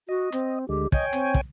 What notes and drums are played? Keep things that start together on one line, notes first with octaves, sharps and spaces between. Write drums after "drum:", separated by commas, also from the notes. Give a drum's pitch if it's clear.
F#4 D#5
C4, drum: hi-hat
D2 D3 G#3 G4
C#5 D#5 G5 G#5, drum: kick
C4, drum: hi-hat
drum: kick